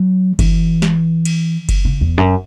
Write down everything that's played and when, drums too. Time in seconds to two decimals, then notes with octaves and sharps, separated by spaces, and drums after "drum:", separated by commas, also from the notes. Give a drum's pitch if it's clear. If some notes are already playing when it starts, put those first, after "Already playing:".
Already playing: F#3
0.39 E3, drum: kick F#1, cymbal
0.82 drum: snare
1.25 drum: cymbal
1.69 drum: kick F#1, cymbal
1.85 C#3
2.01 E2
2.18 F#2